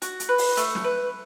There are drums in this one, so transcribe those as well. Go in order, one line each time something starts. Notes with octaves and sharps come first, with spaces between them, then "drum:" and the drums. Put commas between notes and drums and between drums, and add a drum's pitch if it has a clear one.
F#4, drum: hi-hat
drum: hi-hat
B4
drum: open hi-hat
A3, drum: hi-hat
drum: snare
B4